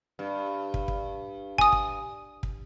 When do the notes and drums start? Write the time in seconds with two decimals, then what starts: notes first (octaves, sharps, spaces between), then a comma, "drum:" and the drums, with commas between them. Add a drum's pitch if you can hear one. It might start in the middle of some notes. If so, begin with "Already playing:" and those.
0.19 G2
0.74 drum: kick
0.88 drum: kick
1.58 G#5 D#6, drum: kick
1.73 drum: kick
2.43 drum: kick